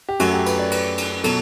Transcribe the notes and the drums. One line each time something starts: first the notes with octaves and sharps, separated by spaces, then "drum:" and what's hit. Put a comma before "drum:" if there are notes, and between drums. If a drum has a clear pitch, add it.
G4
F#2 F#3 A3 F#4, drum: cymbal
G4
B4, drum: cymbal
D5
B4, drum: cymbal
drum: cymbal
B2 F#3 A4, drum: cymbal